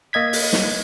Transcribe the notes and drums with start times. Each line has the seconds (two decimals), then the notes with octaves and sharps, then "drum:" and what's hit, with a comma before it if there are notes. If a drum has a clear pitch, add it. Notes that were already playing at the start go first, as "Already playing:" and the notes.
0.13 A#3 D#5 G#6 B6
0.33 drum: open hi-hat
0.53 drum: snare